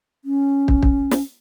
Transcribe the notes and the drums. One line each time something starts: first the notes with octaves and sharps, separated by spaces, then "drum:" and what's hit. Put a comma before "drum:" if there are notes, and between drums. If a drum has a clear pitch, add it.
C#4
drum: kick
drum: kick
drum: snare